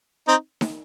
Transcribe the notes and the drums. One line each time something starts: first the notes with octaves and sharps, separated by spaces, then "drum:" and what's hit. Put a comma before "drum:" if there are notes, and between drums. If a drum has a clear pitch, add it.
C4 D#4
drum: snare D#4